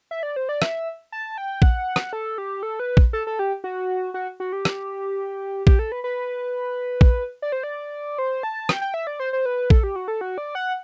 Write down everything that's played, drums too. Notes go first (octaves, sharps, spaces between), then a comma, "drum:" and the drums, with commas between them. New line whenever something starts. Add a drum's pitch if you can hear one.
E5
D5
C5
D5
E5, drum: rim click
A5
G5
F#5, drum: kick
drum: rim click
A4
G4
A4
B4
drum: kick
A4
A4
G4
F#4
F#4
F#4
G4
drum: rim click
G4, drum: kick
A4
B4
B4
drum: kick
D5
C5
D5
C5
A5
G5, drum: rim click
G5
E5
D5
C5
C5
B4
A4, drum: kick
G4
F#4
A4
F#4
D5
F#5